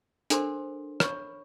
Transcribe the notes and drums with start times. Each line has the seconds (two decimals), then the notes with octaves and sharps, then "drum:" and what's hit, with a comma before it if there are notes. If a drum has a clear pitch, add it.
0.30 D4 A4 A#4 C5 C6, drum: hi-hat
1.00 C#5 B5 C#6, drum: rim click